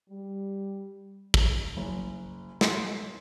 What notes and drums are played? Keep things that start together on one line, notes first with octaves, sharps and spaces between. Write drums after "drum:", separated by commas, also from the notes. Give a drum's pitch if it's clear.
G3
drum: kick
F#1
C6, drum: snare